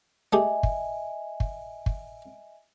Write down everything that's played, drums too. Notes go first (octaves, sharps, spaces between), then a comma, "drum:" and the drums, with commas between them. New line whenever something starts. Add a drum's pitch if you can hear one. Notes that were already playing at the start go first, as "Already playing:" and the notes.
A3 G4 G#4 D#5 E5 G#5
drum: kick
drum: kick
drum: kick